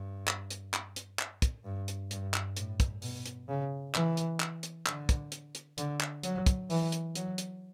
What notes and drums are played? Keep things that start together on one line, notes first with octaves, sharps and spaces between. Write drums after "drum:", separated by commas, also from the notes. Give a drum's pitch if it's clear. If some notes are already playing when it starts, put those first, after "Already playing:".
Already playing: G2
drum: clap
drum: hi-hat
drum: clap
drum: hi-hat
drum: clap
drum: kick, hi-hat
G2
drum: hi-hat
G2, drum: hi-hat
drum: clap
A2, drum: hi-hat
drum: kick, hi-hat
B2, drum: open hi-hat
drum: hi-hat
C#3
E3, drum: clap
drum: hi-hat
drum: clap
drum: hi-hat
D3, drum: clap
drum: kick, hi-hat
drum: hi-hat
drum: hi-hat
D3, drum: hi-hat
drum: clap
F#3, drum: hi-hat
drum: kick, hi-hat
E3, drum: open hi-hat
drum: hi-hat
F#3, drum: hi-hat
drum: hi-hat